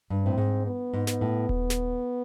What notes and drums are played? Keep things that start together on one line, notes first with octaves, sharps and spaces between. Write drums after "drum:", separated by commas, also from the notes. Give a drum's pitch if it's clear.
G2
A2 C4
G#2
B3
G#2
B3, drum: snare
A2
drum: kick D#1
drum: snare